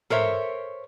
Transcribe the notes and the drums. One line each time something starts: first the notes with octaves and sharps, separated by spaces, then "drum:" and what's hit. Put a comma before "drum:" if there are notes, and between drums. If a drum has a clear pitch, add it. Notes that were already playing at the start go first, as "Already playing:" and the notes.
A4 A#4 C5 C#5 E5, drum: tom